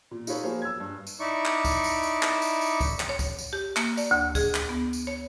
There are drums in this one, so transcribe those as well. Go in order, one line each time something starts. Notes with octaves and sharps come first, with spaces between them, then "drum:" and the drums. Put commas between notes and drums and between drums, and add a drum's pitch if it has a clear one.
A#2
D#4 F4 A4 B4 C#5, drum: tambourine
F3 F#3 A#3 G#4 C5 C#5
E6 G#6
G2
drum: tambourine
D#4 E4 D5 C#6
drum: clap
drum: kick, tambourine
drum: tambourine
drum: tambourine
drum: clap
drum: tambourine
drum: tambourine
drum: kick, tambourine
drum: clap
C#5
drum: kick, tambourine
drum: tambourine
G4
A#3, drum: clap
D5, drum: tambourine
D2
G#4, drum: kick, tambourine
drum: clap
B3
drum: tambourine
C#5